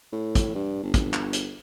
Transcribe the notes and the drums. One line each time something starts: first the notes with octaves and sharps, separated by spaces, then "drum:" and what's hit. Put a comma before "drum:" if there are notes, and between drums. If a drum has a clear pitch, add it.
A2
drum: kick, hi-hat
G2
G1
drum: kick, hi-hat
drum: clap
drum: hi-hat